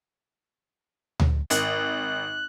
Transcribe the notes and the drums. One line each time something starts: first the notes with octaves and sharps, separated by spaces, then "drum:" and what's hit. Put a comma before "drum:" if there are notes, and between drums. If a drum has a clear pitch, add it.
drum: tom D2
G#1 F#6, drum: hi-hat